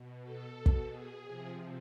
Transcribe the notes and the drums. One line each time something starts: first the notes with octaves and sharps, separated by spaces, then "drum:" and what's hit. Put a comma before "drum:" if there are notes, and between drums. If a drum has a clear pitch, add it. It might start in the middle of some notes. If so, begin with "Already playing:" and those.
Already playing: B2
A4
B2
drum: kick
G#4
C3 F3